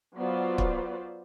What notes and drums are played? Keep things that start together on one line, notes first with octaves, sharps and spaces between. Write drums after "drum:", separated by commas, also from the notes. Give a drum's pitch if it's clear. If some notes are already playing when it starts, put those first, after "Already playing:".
F#3 B3 F4 B4 C5 D5
drum: kick